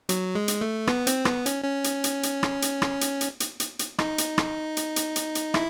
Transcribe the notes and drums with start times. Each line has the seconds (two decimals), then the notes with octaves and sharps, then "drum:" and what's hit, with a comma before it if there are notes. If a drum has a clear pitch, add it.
0.09 F#3, drum: hi-hat
0.35 G#3
0.48 drum: hi-hat
0.61 A3
0.87 B3, drum: rim click
1.07 C4, drum: hi-hat
1.25 B3, drum: rim click
1.46 C#4, drum: hi-hat
1.64 C#4
1.84 drum: hi-hat
2.04 drum: hi-hat
2.23 drum: hi-hat
2.43 drum: rim click
2.62 drum: hi-hat
2.82 drum: rim click
3.01 drum: hi-hat
3.21 drum: hi-hat
3.40 drum: hi-hat
3.60 drum: hi-hat
3.79 drum: hi-hat
3.99 D#4, drum: rim click
4.18 drum: hi-hat
4.38 drum: rim click
4.77 drum: hi-hat
4.96 drum: hi-hat
5.16 drum: hi-hat
5.35 drum: hi-hat
5.54 E4, drum: rim click